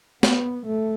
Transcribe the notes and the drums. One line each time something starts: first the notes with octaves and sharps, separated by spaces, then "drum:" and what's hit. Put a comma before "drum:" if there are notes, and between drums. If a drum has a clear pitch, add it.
B3, drum: snare
A3